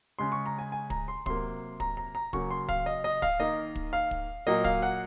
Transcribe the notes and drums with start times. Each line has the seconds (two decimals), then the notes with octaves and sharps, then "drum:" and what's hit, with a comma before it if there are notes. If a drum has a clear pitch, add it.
0.19 C#3 G#3 C6
0.32 C#6
0.46 A#5
0.59 G#5
0.72 G#5
0.90 A#5, drum: kick
1.08 C6
1.26 C3 F#3 A#3 C6, drum: kick
1.80 A#5, drum: kick
1.97 A#5
2.15 A#5
2.33 C#3 F#3 A#3 C#6, drum: kick
2.51 C6
2.69 F5, drum: kick
2.86 D#5
3.04 D#5
3.22 F5, drum: kick
3.40 D#3 A#3 D#5
3.75 drum: kick
3.93 F5
4.11 drum: kick
4.47 A#2 F#3 A#3 D#5
4.64 F5, drum: kick
4.82 F#5